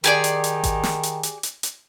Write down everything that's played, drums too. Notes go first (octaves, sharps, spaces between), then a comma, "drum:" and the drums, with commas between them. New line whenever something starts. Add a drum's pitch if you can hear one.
D#3 G4 G#4 D5, drum: hi-hat
drum: hi-hat
drum: hi-hat
drum: kick G#1, hi-hat
drum: snare
drum: hi-hat
drum: hi-hat
drum: hi-hat
drum: hi-hat